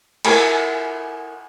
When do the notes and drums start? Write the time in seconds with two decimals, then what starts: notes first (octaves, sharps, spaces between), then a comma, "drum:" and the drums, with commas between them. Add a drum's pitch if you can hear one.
0.25 E4 A#4 G#5 B5, drum: cymbal